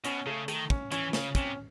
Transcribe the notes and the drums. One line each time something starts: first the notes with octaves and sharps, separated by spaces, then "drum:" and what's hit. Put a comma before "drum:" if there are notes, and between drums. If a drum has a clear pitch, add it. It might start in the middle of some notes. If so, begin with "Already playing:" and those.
B2 C#4, drum: hi-hat
C#3 A3
D#3 A3, drum: hi-hat
C#4, drum: kick
E3 C#4, drum: hi-hat
C#3 C#4, drum: snare
C3 C#4, drum: kick, hi-hat